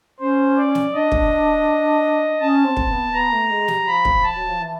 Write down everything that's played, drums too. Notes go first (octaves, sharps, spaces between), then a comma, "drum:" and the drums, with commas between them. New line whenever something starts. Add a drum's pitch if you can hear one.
C#4 C5
D5
drum: snare
D4 D#5
drum: kick
C#4 A5
C4
drum: kick
B3
B3 A#5
A3
G#3
G3, drum: snare
F3 B5
drum: kick
A5
F#3
F3
E3